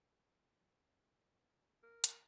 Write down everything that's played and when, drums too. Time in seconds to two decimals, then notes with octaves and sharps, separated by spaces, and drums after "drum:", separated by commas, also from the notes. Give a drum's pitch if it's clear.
1.83 A#4
2.04 drum: hi-hat